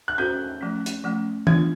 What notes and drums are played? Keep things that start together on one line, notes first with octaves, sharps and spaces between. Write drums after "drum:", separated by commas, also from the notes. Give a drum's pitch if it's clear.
F#6
C#4 F#4 A4 C5 G6
F3 A3 C#4
drum: hi-hat
F3 A3 C#4
B3 D4 F4 G#6, drum: tom